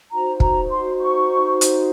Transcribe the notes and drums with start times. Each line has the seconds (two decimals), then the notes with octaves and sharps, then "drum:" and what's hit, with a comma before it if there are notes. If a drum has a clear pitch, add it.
0.11 D#4 F#4 C5 A#5
0.40 A#5, drum: kick
0.70 C6
0.99 C#6
1.61 drum: hi-hat